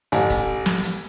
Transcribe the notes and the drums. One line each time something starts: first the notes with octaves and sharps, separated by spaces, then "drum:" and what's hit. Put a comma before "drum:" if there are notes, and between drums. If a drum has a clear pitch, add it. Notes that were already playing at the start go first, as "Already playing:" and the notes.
A1, drum: hi-hat
drum: kick D#1, hi-hat
drum: snare
drum: hi-hat